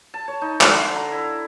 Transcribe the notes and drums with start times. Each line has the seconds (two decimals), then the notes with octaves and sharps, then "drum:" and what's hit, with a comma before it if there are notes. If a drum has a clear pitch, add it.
0.14 A5
0.28 C#5
0.42 D#4
0.61 D3, drum: clap
0.78 F5
0.96 A#5
1.12 E4